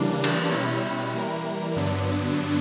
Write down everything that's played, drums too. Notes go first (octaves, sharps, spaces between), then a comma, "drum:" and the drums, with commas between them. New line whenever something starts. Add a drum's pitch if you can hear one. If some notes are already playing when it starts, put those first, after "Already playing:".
Already playing: C#3 E3 G3 A#3 D4
drum: cymbal
B2 G3 C#4 E4
E3 G3 A#3 E4 A#4
G2 D3 F#3 B3 D4